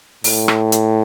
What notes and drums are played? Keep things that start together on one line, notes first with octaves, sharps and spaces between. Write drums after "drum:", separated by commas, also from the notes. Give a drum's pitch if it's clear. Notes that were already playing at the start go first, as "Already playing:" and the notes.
A2, drum: open hi-hat
drum: rim click
drum: hi-hat